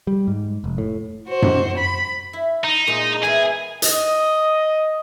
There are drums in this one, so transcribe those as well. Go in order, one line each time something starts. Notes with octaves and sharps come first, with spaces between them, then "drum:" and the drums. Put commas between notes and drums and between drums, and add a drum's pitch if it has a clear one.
G3
G#2
F1
A2
F#4 C5
drum: tom F#2
B5
E4
D#4
A#2 G#3
B3 E4 G#4 A#4
D#5, drum: hi-hat